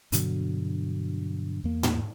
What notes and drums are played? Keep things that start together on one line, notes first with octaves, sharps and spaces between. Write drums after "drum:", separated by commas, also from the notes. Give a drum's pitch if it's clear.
G2 B2 D3 F#3, drum: hi-hat
E2 A#3
drum: tom